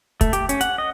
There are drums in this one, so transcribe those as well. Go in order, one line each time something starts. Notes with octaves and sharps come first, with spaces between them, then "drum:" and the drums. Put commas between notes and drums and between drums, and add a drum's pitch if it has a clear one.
A3, drum: kick, hi-hat
G4, drum: hi-hat
C#4, drum: hi-hat
F#5, drum: hi-hat
D#5